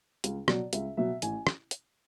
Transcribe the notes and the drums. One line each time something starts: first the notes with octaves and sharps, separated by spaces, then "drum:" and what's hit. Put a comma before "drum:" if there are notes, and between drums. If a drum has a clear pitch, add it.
C#2, drum: hi-hat
B2 F#3 D5, drum: rim click
C#2 E5, drum: hi-hat
B2 F#3 E5
A1 G#5, drum: hi-hat
drum: rim click
drum: hi-hat